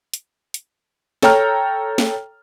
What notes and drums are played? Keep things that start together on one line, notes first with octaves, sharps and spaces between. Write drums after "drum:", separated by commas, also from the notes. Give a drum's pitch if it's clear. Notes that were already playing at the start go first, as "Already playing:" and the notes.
drum: hi-hat
drum: hi-hat
A4 C#5 G5 A#5 F6, drum: snare
drum: snare